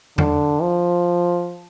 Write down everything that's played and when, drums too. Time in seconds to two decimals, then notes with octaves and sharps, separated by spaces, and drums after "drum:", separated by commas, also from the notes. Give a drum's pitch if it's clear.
0.18 D3, drum: tom E2
0.62 F3